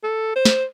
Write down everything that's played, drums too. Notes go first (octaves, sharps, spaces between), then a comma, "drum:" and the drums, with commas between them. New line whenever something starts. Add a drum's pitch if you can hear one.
A4
C5
drum: snare